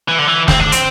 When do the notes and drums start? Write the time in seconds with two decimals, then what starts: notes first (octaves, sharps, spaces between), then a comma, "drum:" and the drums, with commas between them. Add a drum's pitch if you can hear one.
0.09 E3
0.19 D3
0.27 E3
0.48 C4, drum: snare
0.60 D4
0.72 C4, drum: hi-hat